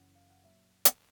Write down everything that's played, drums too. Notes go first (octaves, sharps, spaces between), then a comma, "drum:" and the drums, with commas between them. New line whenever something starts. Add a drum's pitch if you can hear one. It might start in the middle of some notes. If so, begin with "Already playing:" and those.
Already playing: F#1 F#2 C#3 E3 F#5
F5
F#5
A#2 F#3 E5
drum: hi-hat